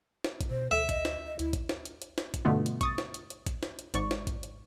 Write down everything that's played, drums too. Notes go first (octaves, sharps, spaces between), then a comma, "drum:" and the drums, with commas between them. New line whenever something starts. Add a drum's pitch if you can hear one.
drum: snare
drum: kick A1, hi-hat
B2 C5
D2 A4 E5
D#5, drum: kick A1, hi-hat
drum: snare
D#5
D2 E4, drum: hi-hat
drum: kick A1, hi-hat
drum: snare
drum: hi-hat
drum: hi-hat
drum: snare
drum: kick A1, hi-hat
G2 B2 D3 A3 B3 F4
drum: hi-hat
C#6 D#6 A6, drum: kick A1, hi-hat
drum: snare
drum: hi-hat
drum: hi-hat
drum: kick A1, hi-hat
drum: snare
drum: hi-hat
G#1 G#2 D5 C#6, drum: hi-hat
drum: snare
drum: kick A1, hi-hat
drum: hi-hat